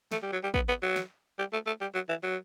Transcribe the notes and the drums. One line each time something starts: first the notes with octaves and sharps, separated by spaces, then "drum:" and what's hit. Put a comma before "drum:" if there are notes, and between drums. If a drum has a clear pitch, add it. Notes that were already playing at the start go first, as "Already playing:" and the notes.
A3, drum: snare
G3
F#3
G3
B3, drum: kick
B3
F#3
drum: snare
G3
A3
A3
G3
F#3
E3
F#3